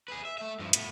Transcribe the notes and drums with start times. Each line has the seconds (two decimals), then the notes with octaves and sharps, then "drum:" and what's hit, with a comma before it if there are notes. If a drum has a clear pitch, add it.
0.08 G#4 B4
0.25 E5
0.38 A3 E5
0.59 G2 F3
0.73 A2 B3, drum: hi-hat